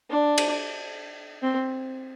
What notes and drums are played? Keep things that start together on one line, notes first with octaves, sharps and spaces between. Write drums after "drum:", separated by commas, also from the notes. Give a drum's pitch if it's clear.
D4
drum: cymbal
C4